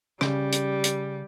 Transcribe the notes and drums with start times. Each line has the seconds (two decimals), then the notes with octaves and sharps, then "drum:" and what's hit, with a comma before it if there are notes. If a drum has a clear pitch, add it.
0.21 C#3 G3, drum: rim click
0.52 drum: hi-hat
0.84 drum: hi-hat